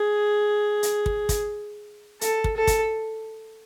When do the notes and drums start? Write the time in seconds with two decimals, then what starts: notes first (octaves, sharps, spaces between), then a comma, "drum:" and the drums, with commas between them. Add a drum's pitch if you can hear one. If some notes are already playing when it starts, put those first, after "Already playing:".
Already playing: G#4
0.83 drum: hi-hat
1.06 drum: kick
1.29 drum: kick, hi-hat
2.21 A4, drum: hi-hat
2.44 drum: kick
2.56 A4
2.67 drum: kick, hi-hat